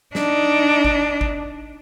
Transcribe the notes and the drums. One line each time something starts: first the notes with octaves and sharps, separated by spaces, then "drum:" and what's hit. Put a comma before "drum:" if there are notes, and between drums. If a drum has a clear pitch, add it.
D4 D#4, drum: snare
drum: kick G#1
drum: kick G#1